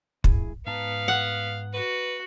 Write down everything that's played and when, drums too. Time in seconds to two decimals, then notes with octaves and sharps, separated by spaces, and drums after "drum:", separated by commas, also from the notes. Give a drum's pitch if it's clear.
0.24 G2 E4 G#4, drum: kick
0.67 G#2 B3 F5 A5 A#5
1.08 F#5
1.73 F#4 B4